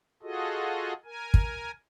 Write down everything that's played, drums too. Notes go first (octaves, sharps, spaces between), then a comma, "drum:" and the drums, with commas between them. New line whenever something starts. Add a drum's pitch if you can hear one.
F4 F#4 G#4 A4 D#5
A#4 G#5
drum: kick